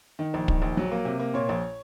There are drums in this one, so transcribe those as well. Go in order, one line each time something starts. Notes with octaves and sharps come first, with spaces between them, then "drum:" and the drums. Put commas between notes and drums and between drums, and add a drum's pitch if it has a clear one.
D#3
A#1
D#3, drum: kick
A#1
F#3
A#3
C3
A#3
A#2 C#5
A#1